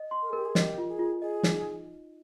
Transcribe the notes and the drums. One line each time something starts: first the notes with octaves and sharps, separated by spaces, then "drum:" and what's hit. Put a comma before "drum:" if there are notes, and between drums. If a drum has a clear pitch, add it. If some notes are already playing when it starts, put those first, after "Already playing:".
Already playing: D#5
C6
A#4
G#4
A#4
G4
G#4
G4 D#5, drum: snare
F4
G#4
F4
G#4 D#5
D#4, drum: snare